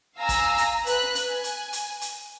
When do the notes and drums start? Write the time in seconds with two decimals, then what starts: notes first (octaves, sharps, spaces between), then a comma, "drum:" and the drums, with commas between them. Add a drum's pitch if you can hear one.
0.19 F5 G#5 A#5 E6
0.29 drum: kick, hi-hat
0.58 drum: hi-hat
0.86 B4 F#6, drum: hi-hat
1.15 drum: hi-hat
1.25 G#5
1.44 drum: hi-hat
1.73 drum: hi-hat
2.01 drum: hi-hat